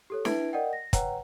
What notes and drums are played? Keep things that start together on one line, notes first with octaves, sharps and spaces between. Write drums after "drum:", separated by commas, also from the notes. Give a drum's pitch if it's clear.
G4 A4 C#5
D4 E4 B4 E5 G#6 D7, drum: snare
A#4 D5 D#5 F#5 G5
A#6
B4 C#5 F#5 G5 A#5, drum: kick, hi-hat